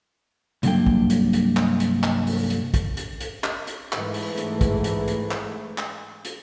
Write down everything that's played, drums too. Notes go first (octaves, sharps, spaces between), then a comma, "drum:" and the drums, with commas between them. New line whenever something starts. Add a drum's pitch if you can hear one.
C2 G2 F#3 A#3 D4 G5, drum: hi-hat
drum: kick
drum: hi-hat
drum: hi-hat
drum: clap
drum: hi-hat
drum: clap
drum: open hi-hat
drum: hi-hat
drum: kick, hi-hat
drum: hi-hat
drum: hi-hat
drum: clap
drum: hi-hat
G#2 E3 A3, drum: clap
drum: open hi-hat
drum: hi-hat
drum: kick, hi-hat
drum: hi-hat
drum: hi-hat
drum: clap
drum: clap
drum: hi-hat